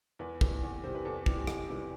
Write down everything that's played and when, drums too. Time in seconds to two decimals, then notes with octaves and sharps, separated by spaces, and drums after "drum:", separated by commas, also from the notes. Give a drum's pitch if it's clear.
0.19 E2 B4
0.41 C3 E3 G3, drum: kick
0.63 E2
0.84 C3 E3 G3 C5
0.95 B4
1.05 E2 A4
1.26 C3 E3 G3, drum: kick
1.47 E2, drum: rim click
1.69 C3 E3 G3